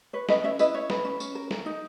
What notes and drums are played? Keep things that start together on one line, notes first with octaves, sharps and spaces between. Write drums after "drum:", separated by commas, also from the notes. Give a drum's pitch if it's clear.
B4 C#5
C#4 B4 D#5, drum: snare
C#4 C#5 E5
E4 B4 D#5, drum: tambourine
C#4 C#5
B4, drum: snare
C#4
C#4, drum: tambourine
A#4
A#4, drum: snare
D#4